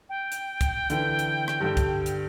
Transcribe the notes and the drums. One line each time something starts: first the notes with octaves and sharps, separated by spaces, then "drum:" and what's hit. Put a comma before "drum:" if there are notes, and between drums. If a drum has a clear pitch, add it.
G5
drum: hi-hat
drum: kick C2, hi-hat
D3 E3, drum: hi-hat
drum: hi-hat
drum: rim click
G2 D3
drum: kick C2, hi-hat
drum: hi-hat